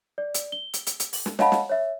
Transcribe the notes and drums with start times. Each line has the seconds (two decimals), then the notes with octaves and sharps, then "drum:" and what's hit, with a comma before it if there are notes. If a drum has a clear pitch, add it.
0.18 D5
0.34 drum: hi-hat
0.52 G7
0.73 drum: hi-hat
0.87 drum: hi-hat
1.00 drum: hi-hat
1.13 drum: open hi-hat
1.26 drum: snare
1.39 C#5 D#5 F5 F#5 A5 B5, drum: snare
1.52 drum: snare
1.70 C#5 E5